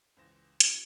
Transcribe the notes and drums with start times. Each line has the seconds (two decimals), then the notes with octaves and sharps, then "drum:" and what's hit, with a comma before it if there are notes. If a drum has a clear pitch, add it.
0.17 C#2 E3 C5 A#6 E7
0.60 C3 D#4 F4 G4, drum: hi-hat